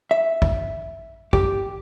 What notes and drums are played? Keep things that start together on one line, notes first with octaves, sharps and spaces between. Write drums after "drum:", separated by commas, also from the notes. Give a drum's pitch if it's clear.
E5
drum: kick
G4, drum: kick